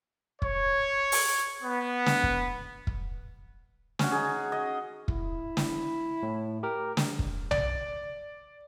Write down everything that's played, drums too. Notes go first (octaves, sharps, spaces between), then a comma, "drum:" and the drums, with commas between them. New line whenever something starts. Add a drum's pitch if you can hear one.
C#5, drum: kick
drum: open hi-hat
B3
drum: snare
drum: kick
drum: kick
C#4 F#4, drum: snare
D#4 G#4
D#5
E4, drum: kick
drum: snare
A2
G4 A#4
drum: snare
drum: kick
D5, drum: tom B1